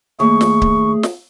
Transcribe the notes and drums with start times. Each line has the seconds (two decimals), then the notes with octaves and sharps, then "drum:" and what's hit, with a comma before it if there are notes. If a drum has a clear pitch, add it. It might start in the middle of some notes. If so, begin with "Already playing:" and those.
0.20 D#2 A3 G#4 C#6
0.41 drum: snare
0.62 drum: kick C#1
1.03 drum: snare